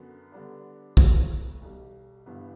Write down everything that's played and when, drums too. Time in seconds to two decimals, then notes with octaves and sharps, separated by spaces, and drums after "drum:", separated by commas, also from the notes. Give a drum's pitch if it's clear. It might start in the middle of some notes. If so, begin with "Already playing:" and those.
Already playing: F#2 D3 F#3 B3 F#4
0.32 D3 G3 B3 D4
0.97 B1 A2 E3 B3 F#4, drum: kick
1.61 B1 B2 G3
2.26 G1 G2 E3 B3